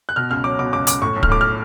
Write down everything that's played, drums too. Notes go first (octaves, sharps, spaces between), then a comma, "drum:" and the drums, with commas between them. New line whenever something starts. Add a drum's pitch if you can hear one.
F#6
B2 F6
C#2 F6
F#3 D6
B2 D6
C#2 D6
C#2 D6, drum: hi-hat
A2 C#6
B1
F6, drum: kick
A2 D6
F6